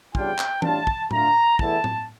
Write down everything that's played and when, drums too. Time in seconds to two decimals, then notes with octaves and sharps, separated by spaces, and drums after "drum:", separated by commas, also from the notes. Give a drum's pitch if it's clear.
0.15 E2 C#3 G3 D4 F4 G5, drum: kick
0.38 drum: clap
0.62 A2 G3 D4 F4 A5, drum: tom E3
0.87 drum: kick
1.11 D3 A3 D4 F4 A#5, drum: tom A2
1.59 E2 E3 A3 E4 A5, drum: kick
1.84 drum: tom A2